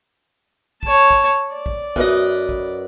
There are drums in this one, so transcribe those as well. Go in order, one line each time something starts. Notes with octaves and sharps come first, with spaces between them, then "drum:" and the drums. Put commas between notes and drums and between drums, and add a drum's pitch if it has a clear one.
C#5 A5, drum: kick
drum: kick
D5
drum: kick
F#2 B4 D#5, drum: kick
drum: kick